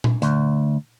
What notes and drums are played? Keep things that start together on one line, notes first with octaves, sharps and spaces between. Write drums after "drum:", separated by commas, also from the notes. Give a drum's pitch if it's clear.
drum: tom A#2
D2, drum: hi-hat